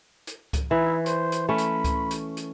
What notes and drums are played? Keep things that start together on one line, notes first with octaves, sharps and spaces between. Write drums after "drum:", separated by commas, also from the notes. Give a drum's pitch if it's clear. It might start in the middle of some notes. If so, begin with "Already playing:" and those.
drum: hi-hat
drum: kick C#2, hi-hat
E3 E4
C5, drum: hi-hat
drum: hi-hat
A3 C#4 B5
drum: hi-hat
drum: kick C#2, hi-hat
drum: hi-hat
drum: hi-hat